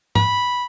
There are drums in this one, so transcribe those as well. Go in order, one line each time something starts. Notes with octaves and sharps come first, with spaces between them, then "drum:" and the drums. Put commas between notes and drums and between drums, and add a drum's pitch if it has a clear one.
B5, drum: tom G#2